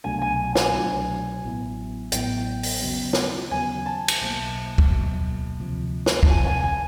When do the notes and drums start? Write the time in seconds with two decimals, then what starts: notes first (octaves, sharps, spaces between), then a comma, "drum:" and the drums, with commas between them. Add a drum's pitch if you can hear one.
0.04 C2 B2 F#3 A3 D4 G#5
0.22 G#5
0.55 G#5, drum: snare
0.73 C2 B2 F#3 A3 D4
1.43 A1 A2 F#3 B3 E4
2.12 A1 A2 F#3 B3 E4 G5, drum: hi-hat
2.63 drum: open hi-hat
2.82 D#2 C#3 F#3 B3
3.13 drum: snare
3.51 D#2 C#3 F#3 B3 G#5
3.86 A5
4.08 drum: cymbal
4.21 B1 B2 F#3 A#3
4.78 drum: kick
4.90 B1 B2 F#3 A#3
5.60 D2 C3 F3
6.06 drum: snare
6.23 A5, drum: kick
6.29 D2 C3 F3 G#5
6.46 G#5
6.63 G#5